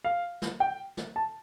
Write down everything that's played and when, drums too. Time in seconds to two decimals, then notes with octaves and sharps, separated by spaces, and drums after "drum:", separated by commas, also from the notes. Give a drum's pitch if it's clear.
0.04 F5
0.42 drum: snare
0.60 G5
0.97 drum: snare
1.16 A5